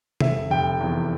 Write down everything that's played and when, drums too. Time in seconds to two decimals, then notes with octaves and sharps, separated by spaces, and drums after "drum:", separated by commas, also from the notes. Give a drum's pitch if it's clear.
0.21 F1 E5, drum: tom C3
0.51 F1 G5
0.81 E2